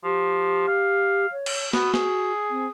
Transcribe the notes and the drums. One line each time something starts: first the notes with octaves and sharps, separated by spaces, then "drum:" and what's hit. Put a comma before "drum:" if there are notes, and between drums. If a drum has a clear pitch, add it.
F3 G4
F5
C#5
drum: cymbal
B3 F#4, drum: snare
G#4, drum: snare
C4